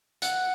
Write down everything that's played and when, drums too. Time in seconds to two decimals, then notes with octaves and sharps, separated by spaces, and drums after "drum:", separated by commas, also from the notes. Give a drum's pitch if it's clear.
0.22 F#5, drum: hi-hat